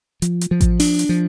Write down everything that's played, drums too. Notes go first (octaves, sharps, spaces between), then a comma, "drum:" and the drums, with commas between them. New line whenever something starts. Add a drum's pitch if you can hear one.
F3, drum: hi-hat
drum: hi-hat
F3
drum: kick A1, hi-hat
D4, drum: open hi-hat
drum: hi-hat
F3